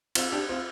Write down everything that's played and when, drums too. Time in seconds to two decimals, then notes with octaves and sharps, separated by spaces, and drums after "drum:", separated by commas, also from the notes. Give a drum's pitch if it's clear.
0.15 C4 F4, drum: cymbal
0.32 D4 G4
0.49 C4 F4